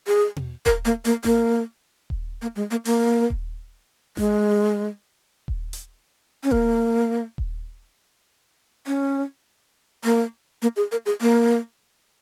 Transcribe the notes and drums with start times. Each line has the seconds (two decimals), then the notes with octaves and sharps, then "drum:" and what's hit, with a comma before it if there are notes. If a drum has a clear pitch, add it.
0.07 G#4
0.36 drum: tom B2
0.66 A#4, drum: kick D#1
0.85 A#3
1.05 A#3, drum: hi-hat
1.24 A#3, drum: snare A1
2.10 drum: kick D#1
2.42 A#3
2.56 G#3
2.71 A#3
2.85 A#3, drum: open hi-hat
3.30 drum: kick D#1
4.17 G#3, drum: snare A1
5.48 drum: kick D#1
5.73 drum: hi-hat
6.43 C#4
6.51 A#3, drum: kick D#1
7.38 drum: kick D#1
8.87 C#4
10.04 A#3
10.62 A#3
10.76 G#4
10.92 A#4
11.06 G#4
11.21 A#3